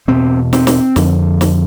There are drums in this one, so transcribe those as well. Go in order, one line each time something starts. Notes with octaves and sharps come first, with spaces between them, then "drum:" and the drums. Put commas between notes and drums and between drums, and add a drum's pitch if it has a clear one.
E2 B2 C4
C4, drum: snare
drum: snare
F2 D3, drum: snare
drum: snare